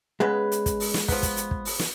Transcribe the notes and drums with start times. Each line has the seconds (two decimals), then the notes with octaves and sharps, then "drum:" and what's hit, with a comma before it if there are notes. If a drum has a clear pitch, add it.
0.20 C#3 G#3 B3 B4
0.52 drum: hi-hat
0.66 drum: kick, hi-hat
0.80 drum: open hi-hat
0.94 drum: snare
1.08 F3 B3, drum: kick, open hi-hat
1.23 drum: kick, hi-hat
1.37 drum: hi-hat
1.51 drum: kick
1.65 drum: open hi-hat
1.79 drum: snare